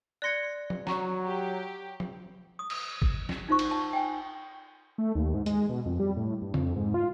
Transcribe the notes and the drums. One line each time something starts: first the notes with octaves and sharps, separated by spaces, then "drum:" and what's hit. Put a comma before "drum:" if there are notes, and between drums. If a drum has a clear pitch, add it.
D5 C6 F#6 G#6 A#6 C#7
drum: tom F3
F#3 A#5 C#6, drum: snare
G4
drum: tom F3
D#6
drum: cymbal
drum: kick
drum: snare
D#4 F4 C5 C#6
drum: cymbal
A5
G5 G#5
A3
D#2
G#2
G#3, drum: hi-hat
B2
F2
G3
A2
G2
F2, drum: tom C#3
G#2
F4